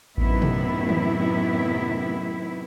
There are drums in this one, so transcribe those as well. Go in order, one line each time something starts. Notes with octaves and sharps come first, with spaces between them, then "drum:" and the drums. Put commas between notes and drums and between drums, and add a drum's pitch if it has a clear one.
F#2 A2 C3 D#3 B3 E4, drum: kick A1
drum: tom
drum: tom